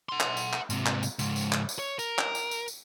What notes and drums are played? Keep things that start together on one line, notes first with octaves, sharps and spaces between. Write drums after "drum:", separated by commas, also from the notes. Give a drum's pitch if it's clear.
F#5 C6
drum: clap
drum: tambourine
drum: clap
G#2 C3, drum: tambourine
drum: clap
drum: tambourine
C#2 G#2, drum: tambourine
drum: tambourine
drum: clap
drum: tambourine
C#5
A#4, drum: tambourine
drum: clap
drum: tambourine
drum: tambourine
drum: tambourine